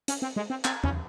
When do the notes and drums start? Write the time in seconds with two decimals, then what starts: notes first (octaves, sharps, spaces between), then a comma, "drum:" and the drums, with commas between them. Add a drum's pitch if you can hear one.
0.08 C#4, drum: hi-hat
0.22 C4
0.36 G#3
0.50 C4
0.65 C4, drum: clap
0.84 C#4, drum: tom E2